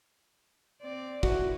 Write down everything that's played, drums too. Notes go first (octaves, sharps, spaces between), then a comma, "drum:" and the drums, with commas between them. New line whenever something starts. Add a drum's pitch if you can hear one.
C4 D5
F3 E4 F#4 B4, drum: kick